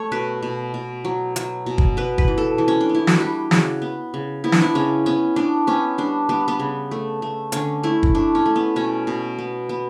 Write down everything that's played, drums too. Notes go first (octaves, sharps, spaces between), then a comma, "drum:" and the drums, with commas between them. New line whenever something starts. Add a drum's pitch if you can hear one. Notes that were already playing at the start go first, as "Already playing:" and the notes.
Already playing: A3 A4 C#5
B2 B4
B2
B2
F#3
F#3, drum: hi-hat
B2
drum: kick
B3 B4
B4, drum: kick
E3
A4
E3
C#4
D4
B3
E4
F#4, drum: snare
G3 G4
C#3 F#4, drum: snare
B3
C#3
B3 E4
D4, drum: snare
E4
C#3 C#4
B3 C#4
B3 D4
B3 C#4
G3 D4
G3 B3
B3
C#3
A3
A3
D3 C#4, drum: hi-hat
A3 E4
drum: kick
A3 D4
C#4
A3
B3
B2 C#4
B2
B3
B3